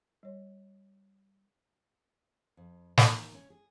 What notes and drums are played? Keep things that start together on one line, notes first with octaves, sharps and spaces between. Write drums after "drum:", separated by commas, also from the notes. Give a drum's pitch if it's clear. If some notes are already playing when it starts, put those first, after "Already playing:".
G3 C#5
F2
D#3, drum: snare
C#4
G#4